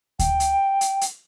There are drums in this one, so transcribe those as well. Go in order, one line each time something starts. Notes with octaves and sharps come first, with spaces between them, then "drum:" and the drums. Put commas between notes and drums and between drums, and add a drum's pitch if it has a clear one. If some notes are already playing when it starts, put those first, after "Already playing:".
G5, drum: kick D2, hi-hat
drum: hi-hat
drum: hi-hat
drum: hi-hat